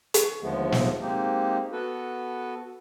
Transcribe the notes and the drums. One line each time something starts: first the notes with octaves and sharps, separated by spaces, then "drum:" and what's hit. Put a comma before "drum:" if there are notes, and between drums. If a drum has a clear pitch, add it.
drum: hi-hat
D#2 D3 F3 G#3 A3 B3
drum: snare
G#3 A#3 C4 D#4 G4
B3 F#4 A4 B4